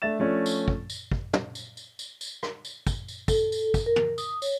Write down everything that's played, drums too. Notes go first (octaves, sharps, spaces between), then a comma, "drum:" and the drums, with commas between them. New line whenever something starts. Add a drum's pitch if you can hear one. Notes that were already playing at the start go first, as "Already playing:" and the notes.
A3 D4 E5 A6 E7
F3 A3 C#4 D4
drum: tambourine
drum: kick
drum: tambourine
drum: kick
drum: tom
drum: tambourine
drum: tambourine
drum: tambourine
drum: tambourine
drum: rim click
drum: tambourine
drum: kick, tambourine
drum: tambourine
A4, drum: kick, tambourine
drum: tambourine
drum: kick, tambourine
A#4
drum: tom
D#6, drum: tambourine
C#5, drum: tambourine